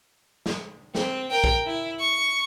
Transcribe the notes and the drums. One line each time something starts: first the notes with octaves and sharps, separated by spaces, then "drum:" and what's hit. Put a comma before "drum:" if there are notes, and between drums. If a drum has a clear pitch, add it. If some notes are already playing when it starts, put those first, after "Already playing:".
drum: snare
C4, drum: snare
A#4 G5
drum: kick
E4
C#6